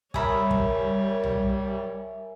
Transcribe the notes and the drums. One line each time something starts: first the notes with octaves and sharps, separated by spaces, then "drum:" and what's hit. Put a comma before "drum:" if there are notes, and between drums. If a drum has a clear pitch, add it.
G3 A#4 C#5 E5 G#5 A5 B5 D#6, drum: kick
drum: kick
drum: tom